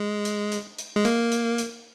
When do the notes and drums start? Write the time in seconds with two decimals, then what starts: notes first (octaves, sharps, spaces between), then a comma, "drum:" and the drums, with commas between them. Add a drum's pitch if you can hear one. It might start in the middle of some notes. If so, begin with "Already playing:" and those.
Already playing: G#3
0.25 drum: hi-hat
0.52 drum: hi-hat
0.78 drum: hi-hat
0.96 G#3
1.05 A#3, drum: hi-hat
1.32 drum: hi-hat
1.58 drum: hi-hat